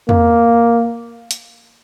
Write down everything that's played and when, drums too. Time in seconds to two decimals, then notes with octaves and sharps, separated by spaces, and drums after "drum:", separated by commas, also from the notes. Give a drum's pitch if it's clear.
0.09 A#3, drum: tom E2
1.31 drum: hi-hat